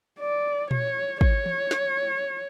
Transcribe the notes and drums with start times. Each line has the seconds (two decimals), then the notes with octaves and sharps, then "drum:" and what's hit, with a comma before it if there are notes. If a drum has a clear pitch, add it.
0.20 D5
0.71 C#5, drum: tom A#2
1.21 C#5, drum: kick
1.46 drum: tom E3
1.71 drum: snare